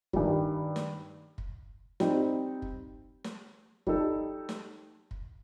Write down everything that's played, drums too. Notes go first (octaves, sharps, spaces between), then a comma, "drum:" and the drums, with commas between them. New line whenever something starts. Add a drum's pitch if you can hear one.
G2 D#3 G3, drum: kick
drum: snare
drum: kick
G3 C4 D#4, drum: snare
drum: kick
drum: snare
G3 D#4 A4, drum: kick
drum: snare
drum: kick